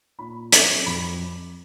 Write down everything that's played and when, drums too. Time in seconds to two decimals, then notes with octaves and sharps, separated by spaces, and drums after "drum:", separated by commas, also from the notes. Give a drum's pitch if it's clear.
0.19 A#2 B5
0.52 F#3 D6, drum: hi-hat
0.86 F2 B5